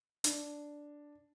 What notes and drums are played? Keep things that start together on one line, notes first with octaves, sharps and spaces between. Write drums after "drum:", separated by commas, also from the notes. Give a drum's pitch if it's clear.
D4, drum: hi-hat